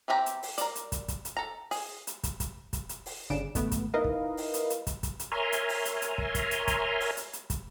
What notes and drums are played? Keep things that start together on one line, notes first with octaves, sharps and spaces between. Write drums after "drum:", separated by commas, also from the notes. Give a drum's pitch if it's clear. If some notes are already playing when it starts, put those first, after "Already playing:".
E3 C4 F#4 G4 A#5
drum: hi-hat
drum: open hi-hat
A#4 D5, drum: hi-hat
drum: hi-hat
drum: kick, hi-hat
drum: kick, hi-hat
drum: hi-hat
A4 A#5
G#4, drum: open hi-hat
drum: hi-hat
drum: kick, hi-hat
drum: kick, hi-hat
drum: kick, hi-hat
drum: hi-hat
drum: open hi-hat
G1 C#3 D4 D7 E7
G#1 A3 B3, drum: kick, hi-hat
drum: kick, hi-hat
D#4 E4 A#4 B4 D#5 F5
drum: kick
drum: open hi-hat
drum: hi-hat
drum: hi-hat
drum: kick, hi-hat
drum: kick, hi-hat
drum: hi-hat
A#4 C#5 E5 G#5 A#5 C6
drum: hi-hat
drum: open hi-hat
drum: hi-hat
drum: hi-hat
drum: kick
drum: kick, hi-hat
drum: hi-hat
drum: kick, hi-hat
drum: open hi-hat
drum: hi-hat
drum: hi-hat
drum: kick, hi-hat